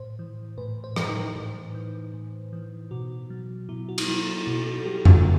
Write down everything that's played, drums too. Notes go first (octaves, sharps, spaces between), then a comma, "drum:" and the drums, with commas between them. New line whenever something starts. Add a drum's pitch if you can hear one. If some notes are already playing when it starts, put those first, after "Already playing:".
Already playing: A2 C5
E3
A2 B4
C5
E3, drum: rim click
D#4
A2
E3
A2
E3
B2 F#4
F#3
B2 E4
F#4
drum: cymbal
F#3 E4
E4
B2 F#4
A4
F#3 G4
F#4, drum: tom F2